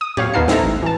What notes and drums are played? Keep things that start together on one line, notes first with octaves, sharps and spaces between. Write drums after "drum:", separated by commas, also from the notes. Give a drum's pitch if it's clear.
D#6
G4 C#5 F5, drum: tom A2
D#2 B3 D#4 F5 A5 C7
C4 D#4 E4 A4 A#5, drum: snare
A1
E3 A5